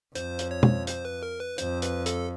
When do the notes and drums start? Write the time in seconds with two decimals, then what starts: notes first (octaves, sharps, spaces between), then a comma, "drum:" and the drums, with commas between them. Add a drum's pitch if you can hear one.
0.15 F2 C5, drum: hi-hat
0.39 drum: hi-hat
0.51 C#5
0.63 drum: tom B2
0.87 C5, drum: hi-hat
1.05 B4
1.23 A#4
1.40 B4
1.58 F2 C5, drum: hi-hat
1.82 B4, drum: hi-hat
2.06 A4, drum: hi-hat